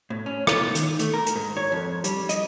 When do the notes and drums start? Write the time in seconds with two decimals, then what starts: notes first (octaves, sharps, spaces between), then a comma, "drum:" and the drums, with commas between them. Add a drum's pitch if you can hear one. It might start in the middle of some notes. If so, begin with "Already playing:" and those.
0.10 A2
0.26 C#4
0.47 F4, drum: rim click
0.75 D#3, drum: hi-hat
0.99 A3, drum: hi-hat
1.14 A#4
1.26 drum: hi-hat
1.36 G#2
1.57 C#5
1.72 F2
2.04 G3, drum: hi-hat
2.29 D#5, drum: hi-hat